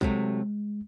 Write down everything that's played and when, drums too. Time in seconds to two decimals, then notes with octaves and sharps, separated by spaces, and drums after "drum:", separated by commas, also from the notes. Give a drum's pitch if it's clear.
0.01 C3 F#3 G#3 A3, drum: kick